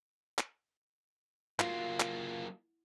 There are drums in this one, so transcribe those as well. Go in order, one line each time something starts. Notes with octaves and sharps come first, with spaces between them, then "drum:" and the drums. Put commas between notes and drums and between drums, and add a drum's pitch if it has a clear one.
drum: clap
F#3 A#3 F4, drum: clap
drum: clap